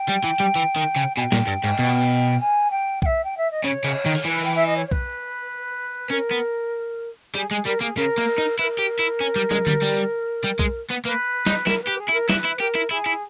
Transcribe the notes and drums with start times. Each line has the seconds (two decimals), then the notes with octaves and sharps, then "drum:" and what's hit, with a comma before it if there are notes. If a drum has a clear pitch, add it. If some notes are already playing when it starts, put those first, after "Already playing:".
Already playing: G5
0.09 G3
0.24 E3
0.40 G3
0.55 E3
0.76 D#3
0.96 C#3
1.17 B2 G#5
1.20 G5
1.32 A#2, drum: snare
1.47 G2
1.64 G#2, drum: cymbal
1.79 B2
2.40 G#5
2.71 G5
3.02 G5, drum: kick B1
3.06 E5
3.24 G5
3.37 E5
3.51 D#5
3.64 C#3 C#5
3.84 C#3, drum: cymbal
4.06 D#3
4.15 drum: open hi-hat
4.25 E3 B4
4.45 G5
4.56 E5
4.66 D#5
4.77 C#5
4.87 C#5
4.91 B4, drum: kick B1
6.11 C#4 A#4
6.31 B3
7.34 G3 G#4
7.51 G#3 G#4
7.65 G3 A#4
7.81 A#3 G#4
7.97 C#3 A#4
8.18 A#3, drum: cymbal
8.38 D#4
8.59 E4 B4
8.64 A#4
8.78 G4
8.99 E4
9.20 C#4
9.36 G3
9.51 G#3, drum: tom
9.67 G3, drum: tom D3
9.82 G3
10.44 G3
10.59 G#3, drum: kick B1
10.90 B3
11.05 A#3 B4
11.46 D#4, drum: snare
11.67 E4 A#4, drum: snare
11.83 B4
11.88 G4
11.98 G#4
12.09 E4
12.13 A#4
12.29 E4 B4, drum: snare
12.45 E4
12.60 G4 A#4
12.75 E4
12.91 E4 G#4
13.06 E4